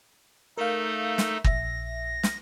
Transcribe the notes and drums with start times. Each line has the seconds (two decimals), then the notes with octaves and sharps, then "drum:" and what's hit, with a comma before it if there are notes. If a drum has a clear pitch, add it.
0.58 A3 D#4 A4 A#4 F5
1.18 drum: snare
1.44 A#1 E5 A#6, drum: kick
2.23 drum: snare